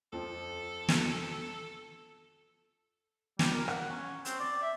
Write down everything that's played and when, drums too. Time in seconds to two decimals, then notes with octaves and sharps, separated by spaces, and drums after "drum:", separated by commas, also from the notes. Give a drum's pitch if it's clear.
0.12 F2 F3 A4
0.88 drum: snare
3.39 G3, drum: snare
3.53 A#4
3.68 F#5, drum: rim click
3.89 C#4
4.25 C4, drum: hi-hat
4.40 D5
4.62 E5